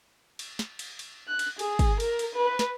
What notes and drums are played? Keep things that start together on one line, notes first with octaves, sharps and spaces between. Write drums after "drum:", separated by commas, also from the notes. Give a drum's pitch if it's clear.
drum: cymbal
drum: snare
drum: cymbal
drum: cymbal
F#6
drum: cymbal
G#4, drum: cymbal
drum: kick, cymbal
A#4, drum: cymbal
drum: cymbal
B4
drum: snare